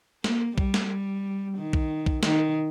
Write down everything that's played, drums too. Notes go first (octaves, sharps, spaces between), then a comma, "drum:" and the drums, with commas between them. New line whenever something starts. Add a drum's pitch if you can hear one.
A#3, drum: snare
G3, drum: kick B1
drum: snare
D#3
drum: kick B1
drum: kick B1
D#3, drum: snare